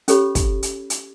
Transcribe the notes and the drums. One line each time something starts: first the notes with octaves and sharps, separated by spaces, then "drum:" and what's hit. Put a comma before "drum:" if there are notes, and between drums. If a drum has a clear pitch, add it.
C#4 G4 A4 C#5 B5, drum: hi-hat
drum: kick, hi-hat
drum: hi-hat
drum: hi-hat